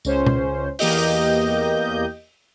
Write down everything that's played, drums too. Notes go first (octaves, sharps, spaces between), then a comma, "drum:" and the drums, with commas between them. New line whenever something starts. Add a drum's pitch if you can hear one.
C#2 C#4 C5, drum: tambourine
drum: tom B2
E2 A#3 G4 D#5 G6, drum: open hi-hat